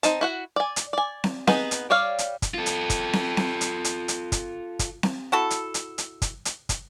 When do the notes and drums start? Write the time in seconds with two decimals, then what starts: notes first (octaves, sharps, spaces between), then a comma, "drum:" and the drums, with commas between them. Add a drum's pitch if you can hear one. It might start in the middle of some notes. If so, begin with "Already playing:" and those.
0.03 C4 D#4 A5, drum: hi-hat
0.21 E4 F#4 F#5
0.56 D5 G#5
0.76 drum: hi-hat
0.93 D5 G#5
1.24 drum: snare C4
1.47 B3 D#4 G#4 B4, drum: snare C4
1.71 drum: hi-hat
1.90 G3 C#5 D5 F5
2.19 drum: hi-hat
2.42 drum: kick, hi-hat
2.54 F4 A4
2.66 drum: hi-hat
2.90 drum: kick, hi-hat
3.13 drum: snare C4
3.37 drum: snare C4
3.61 drum: hi-hat
3.84 drum: hi-hat
4.08 drum: hi-hat
4.32 drum: kick, hi-hat
4.79 drum: kick, hi-hat
5.03 drum: snare C4
5.32 E4 F#4 A4
5.50 drum: hi-hat
5.74 drum: hi-hat
5.98 drum: hi-hat
6.22 drum: kick, hi-hat
6.45 drum: hi-hat
6.69 drum: kick, hi-hat